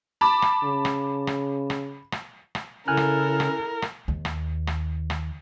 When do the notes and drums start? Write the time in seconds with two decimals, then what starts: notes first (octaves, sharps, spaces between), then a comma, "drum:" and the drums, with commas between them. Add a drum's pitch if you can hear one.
0.21 A5 B5 D6
0.42 drum: rim click
0.64 C#3
0.85 drum: rim click
1.27 drum: rim click
1.70 drum: rim click
2.12 drum: rim click
2.55 drum: rim click
2.88 C#3 E4 A4 A#4 G#5 F6 F#6
2.97 drum: rim click
3.40 drum: rim click
3.82 drum: rim click
4.08 D#2
4.25 drum: rim click
4.67 drum: rim click
5.10 drum: rim click